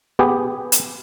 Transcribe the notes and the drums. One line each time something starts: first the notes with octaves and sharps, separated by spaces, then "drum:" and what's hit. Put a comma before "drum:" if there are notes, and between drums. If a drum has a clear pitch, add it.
B3 G4 G#4
drum: hi-hat